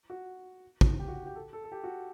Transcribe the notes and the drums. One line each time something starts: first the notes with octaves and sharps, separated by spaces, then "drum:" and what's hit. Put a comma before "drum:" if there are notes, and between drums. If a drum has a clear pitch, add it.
F#4
drum: kick
G4
F#4
G4
A4
A4
A4
G4
F#4